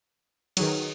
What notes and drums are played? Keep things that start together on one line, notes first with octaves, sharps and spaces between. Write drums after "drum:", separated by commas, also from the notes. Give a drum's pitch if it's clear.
D#3 F#3 D#4 G#4 B4, drum: cymbal